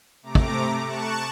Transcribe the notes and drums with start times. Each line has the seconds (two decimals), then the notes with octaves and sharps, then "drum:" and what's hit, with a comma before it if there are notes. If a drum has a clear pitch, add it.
0.23 C3 A3 A#5 D6
0.35 drum: kick
0.84 A5 C#6 F#6 C#7 E7